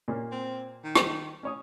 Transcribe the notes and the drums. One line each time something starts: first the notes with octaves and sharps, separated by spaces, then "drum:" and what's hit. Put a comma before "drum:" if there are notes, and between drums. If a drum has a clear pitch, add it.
A#2 A#3 C#4
C4
D#3
drum: rim click
C#4 C#5 D#6